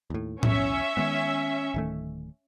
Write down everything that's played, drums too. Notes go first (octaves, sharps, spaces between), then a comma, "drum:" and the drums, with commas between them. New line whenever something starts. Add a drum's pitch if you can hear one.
D#2 A2
B1 E2 C#4 E5, drum: tom A2
D#3 G#3 B3
D1 D#3 A3